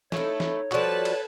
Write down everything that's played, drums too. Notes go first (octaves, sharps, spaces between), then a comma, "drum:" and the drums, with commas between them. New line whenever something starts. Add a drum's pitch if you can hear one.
A3 D#4 E4 A4 C#5, drum: snare
drum: snare
F3 G3 F#4 A4 B4 A5, drum: clap
drum: cymbal